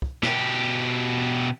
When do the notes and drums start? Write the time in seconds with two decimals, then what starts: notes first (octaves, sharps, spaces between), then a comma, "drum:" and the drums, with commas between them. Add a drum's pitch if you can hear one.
0.02 drum: kick
0.23 B2 G4, drum: snare